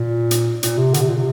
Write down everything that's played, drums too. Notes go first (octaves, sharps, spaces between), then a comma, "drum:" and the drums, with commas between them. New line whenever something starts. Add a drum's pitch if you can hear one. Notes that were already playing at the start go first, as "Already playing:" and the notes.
Already playing: A#2
drum: hi-hat
A#2, drum: hi-hat
C3
D3, drum: hi-hat
C3
A#2
C3